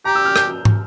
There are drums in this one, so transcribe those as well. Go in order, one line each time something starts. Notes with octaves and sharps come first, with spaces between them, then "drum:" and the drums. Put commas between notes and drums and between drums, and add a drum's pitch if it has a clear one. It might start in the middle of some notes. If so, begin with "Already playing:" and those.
G4 A#5
E6
F6
G6, drum: rim click
drum: tom